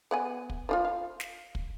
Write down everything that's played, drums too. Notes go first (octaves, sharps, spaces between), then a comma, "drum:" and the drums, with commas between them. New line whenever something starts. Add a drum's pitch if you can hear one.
B3 F#5 G#5
drum: kick
F3 D4 F4
F5
drum: snare
drum: kick